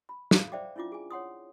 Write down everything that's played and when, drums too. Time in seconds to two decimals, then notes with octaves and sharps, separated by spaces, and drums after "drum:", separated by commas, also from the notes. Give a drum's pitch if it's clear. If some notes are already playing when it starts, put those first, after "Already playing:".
0.09 B5
0.31 A4 F5, drum: snare
0.52 C5 D5 E5 G5 D6
0.76 C#4 D4 E4 F4 D6
0.92 G#4 G#5
1.11 C#5 F#5 C6 D#6